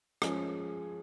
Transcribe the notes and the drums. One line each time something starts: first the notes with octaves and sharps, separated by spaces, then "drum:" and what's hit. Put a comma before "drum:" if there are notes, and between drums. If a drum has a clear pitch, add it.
F3 G#3 C#4 G#4, drum: rim click